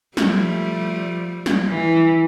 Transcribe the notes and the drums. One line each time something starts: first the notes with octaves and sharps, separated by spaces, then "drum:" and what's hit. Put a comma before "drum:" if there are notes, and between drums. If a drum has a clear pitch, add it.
F3 G3 A3, drum: snare
drum: snare
E3